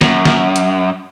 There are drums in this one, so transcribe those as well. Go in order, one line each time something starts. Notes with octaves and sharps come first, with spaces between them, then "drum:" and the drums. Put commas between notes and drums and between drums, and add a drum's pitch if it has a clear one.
F#2, drum: snare
drum: snare
drum: hi-hat